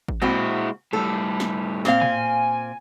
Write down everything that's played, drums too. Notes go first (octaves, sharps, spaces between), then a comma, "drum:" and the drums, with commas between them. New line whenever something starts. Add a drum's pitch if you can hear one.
drum: kick G#1
A#2 G#3 C4 E4 F#4
A2 G3 A4
drum: snare
A#2 C4 F5, drum: snare
G#5, drum: tom A2